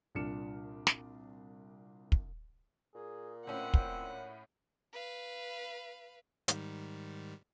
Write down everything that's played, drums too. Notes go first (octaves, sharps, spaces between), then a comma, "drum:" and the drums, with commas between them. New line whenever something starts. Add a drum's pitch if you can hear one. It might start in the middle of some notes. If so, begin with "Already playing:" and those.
C2 A#2 D4 F6 C#7 E7
drum: snare
drum: kick
A#2 G#4
A2 C4 C#4 F#5
drum: kick
B4 F5
G#2 D#3 G3, drum: hi-hat